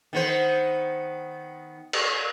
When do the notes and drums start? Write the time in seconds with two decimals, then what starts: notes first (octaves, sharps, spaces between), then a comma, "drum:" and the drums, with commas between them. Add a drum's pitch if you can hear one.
0.13 D#3 B3 C5
1.93 drum: cymbal